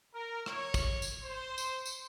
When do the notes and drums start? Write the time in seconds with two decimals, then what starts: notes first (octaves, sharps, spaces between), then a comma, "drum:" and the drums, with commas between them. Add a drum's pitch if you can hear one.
0.13 A#4
0.46 C#5, drum: rim click
0.74 drum: kick, tambourine
1.02 drum: tambourine
1.24 C5
1.58 drum: tambourine
1.86 drum: tambourine